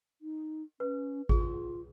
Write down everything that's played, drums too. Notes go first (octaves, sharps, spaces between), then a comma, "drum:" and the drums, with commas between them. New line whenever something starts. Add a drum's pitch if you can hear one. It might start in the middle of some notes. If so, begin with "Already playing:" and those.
D#4
C#4 B4
F4 G#4, drum: kick G#1